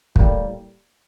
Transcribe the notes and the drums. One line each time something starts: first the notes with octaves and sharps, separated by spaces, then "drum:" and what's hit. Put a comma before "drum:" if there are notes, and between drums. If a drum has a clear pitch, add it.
A2 G3 A#3, drum: kick